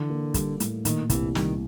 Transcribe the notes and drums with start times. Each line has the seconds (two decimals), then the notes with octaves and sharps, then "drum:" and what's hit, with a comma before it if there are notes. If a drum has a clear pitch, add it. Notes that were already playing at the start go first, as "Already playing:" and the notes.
Already playing: D3 E3
0.10 A#3
0.34 G3, drum: kick, hi-hat
0.60 A2, drum: hi-hat
0.85 A#2 D#3, drum: hi-hat
1.10 C2 E3, drum: kick, hi-hat
1.35 D#3 G3, drum: snare